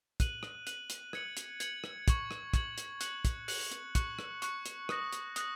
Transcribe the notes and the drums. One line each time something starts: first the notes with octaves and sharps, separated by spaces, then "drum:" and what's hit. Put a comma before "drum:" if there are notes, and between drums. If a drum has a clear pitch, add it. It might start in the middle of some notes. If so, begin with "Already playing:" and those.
F#6 D#7 F#7, drum: kick, hi-hat
drum: rim click
F#6 D#7 F#7, drum: hi-hat
drum: hi-hat
G#6 C#7 F#7, drum: rim click
drum: hi-hat
G#6 C#7 F#7, drum: hi-hat
drum: rim click
C#6 G#6 F#7, drum: kick, hi-hat
drum: rim click
C#6 G#6 F#7, drum: kick, hi-hat
drum: hi-hat
F#6 C#7 F#7, drum: hi-hat
drum: kick, hi-hat
F#6 C#7 F#7, drum: open hi-hat
drum: hi-hat
C#6 F#6 C#7, drum: kick, hi-hat
drum: rim click
C#6 F#6 C#7, drum: hi-hat
drum: hi-hat
D#6 F#6 A#6, drum: rim click
drum: hi-hat
D#6 F#6 A#6, drum: hi-hat